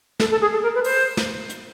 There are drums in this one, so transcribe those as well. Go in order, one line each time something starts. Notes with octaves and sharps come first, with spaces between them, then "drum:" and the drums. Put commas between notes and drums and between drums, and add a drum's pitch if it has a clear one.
A4, drum: snare
A4
G#4
A4
A#4
B4
C5, drum: open hi-hat
drum: snare
drum: hi-hat